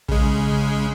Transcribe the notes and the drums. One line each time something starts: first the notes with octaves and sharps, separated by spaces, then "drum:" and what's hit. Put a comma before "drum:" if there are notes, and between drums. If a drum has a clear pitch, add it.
C#3 G#3, drum: kick A#1